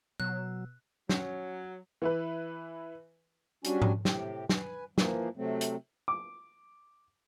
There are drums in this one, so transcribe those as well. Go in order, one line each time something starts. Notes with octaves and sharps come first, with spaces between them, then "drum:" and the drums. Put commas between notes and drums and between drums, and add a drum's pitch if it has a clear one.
B2 F#3 E6 F#6
F#3 C#4, drum: snare
E3 E4 B4
F#3 G3 C#4 D4 F#4 G#5, drum: hi-hat
drum: tom G#2
A2 C3 G4, drum: snare
B4 G#5, drum: snare
E3 F3 A#3, drum: snare
C3 F#3 A3 C4
drum: hi-hat
D6